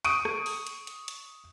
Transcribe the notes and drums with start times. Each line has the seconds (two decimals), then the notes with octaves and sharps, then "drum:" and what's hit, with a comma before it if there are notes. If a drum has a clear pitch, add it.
0.05 C#6 D#6 D7 D#7, drum: hi-hat
0.25 drum: rim click
0.46 drum: open hi-hat
0.67 drum: hi-hat
0.87 drum: hi-hat
1.08 drum: hi-hat